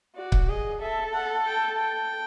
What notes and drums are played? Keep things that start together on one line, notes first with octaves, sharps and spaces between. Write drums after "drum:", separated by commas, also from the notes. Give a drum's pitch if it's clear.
F#4 D5
drum: kick C#1
G#4 D#5
A4 E5
F#5
G5
G5